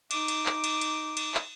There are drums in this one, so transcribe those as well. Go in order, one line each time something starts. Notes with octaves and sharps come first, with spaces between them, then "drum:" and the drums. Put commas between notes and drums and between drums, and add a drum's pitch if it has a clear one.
D#4 D6, drum: cymbal
drum: cymbal
drum: clap
drum: cymbal
drum: cymbal
drum: cymbal
drum: clap